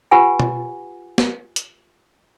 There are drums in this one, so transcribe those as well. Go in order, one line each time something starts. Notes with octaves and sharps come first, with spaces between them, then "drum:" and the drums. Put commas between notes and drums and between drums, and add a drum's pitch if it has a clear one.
F4 G4 B4 F#5 G#5
drum: tom B2
drum: snare
drum: hi-hat